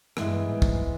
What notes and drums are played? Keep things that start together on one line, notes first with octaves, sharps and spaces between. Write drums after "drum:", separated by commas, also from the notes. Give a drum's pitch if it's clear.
G2 E3 G#3 B3 E4, drum: rim click
G#2
drum: kick